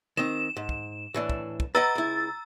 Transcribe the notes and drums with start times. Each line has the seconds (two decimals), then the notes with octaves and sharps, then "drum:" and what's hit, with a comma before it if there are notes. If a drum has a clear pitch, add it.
0.17 D#3 C4 E7
0.57 G#2
0.69 drum: kick
1.14 A2 E3 D4
1.30 drum: kick
1.60 drum: kick
1.75 B4 D#5 F#5 A#5 E6 A6
1.95 C#2 E4